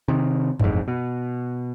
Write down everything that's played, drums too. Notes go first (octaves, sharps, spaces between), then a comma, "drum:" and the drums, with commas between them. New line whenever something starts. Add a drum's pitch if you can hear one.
C3 D#3
E1 A1 F2 G#2, drum: tom F#2
B2